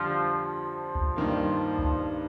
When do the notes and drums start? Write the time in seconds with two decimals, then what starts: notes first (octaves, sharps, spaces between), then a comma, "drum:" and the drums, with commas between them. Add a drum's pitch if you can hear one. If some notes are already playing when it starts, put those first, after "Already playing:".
Already playing: F2 D3 F3 G3
0.33 F3
0.95 drum: kick C#2
1.16 G2 D#3 A#3
1.79 drum: kick C#2